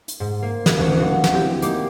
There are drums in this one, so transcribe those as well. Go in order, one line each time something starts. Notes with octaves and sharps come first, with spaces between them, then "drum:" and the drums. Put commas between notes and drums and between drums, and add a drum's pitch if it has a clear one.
drum: hi-hat
G#2
A#3
drum: snare
D#1 D2 E3 A3 C#6
F3 F#3 B3 D#4 F#4
drum: snare
F#3 C4 E4 G4
A#3 D#4 G4 D6, drum: hi-hat